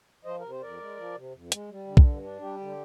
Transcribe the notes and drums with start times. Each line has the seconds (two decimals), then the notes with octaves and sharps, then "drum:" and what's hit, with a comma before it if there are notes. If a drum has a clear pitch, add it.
0.25 F3 C5 D#5
0.39 C3 A#4
0.51 C5
0.61 F2 A#4 D5
0.80 G#3
0.97 F3
1.15 C3
1.33 F2
1.52 G#3, drum: hi-hat
1.69 G3
1.87 D3
1.97 drum: kick B1
2.06 G2
2.24 D4
2.41 G3 G4
2.60 D3